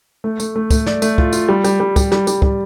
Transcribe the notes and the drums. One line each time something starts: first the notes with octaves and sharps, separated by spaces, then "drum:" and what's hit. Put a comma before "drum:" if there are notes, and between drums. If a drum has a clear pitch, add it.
A3
A3, drum: tambourine
A3
A3, drum: kick, tambourine
D5, drum: snare
A3, drum: tambourine
F4, drum: kick
F4, drum: tambourine
G3
G3, drum: tambourine
G3
G3, drum: kick, tambourine
G3, drum: snare
G3, drum: tambourine
G3, drum: kick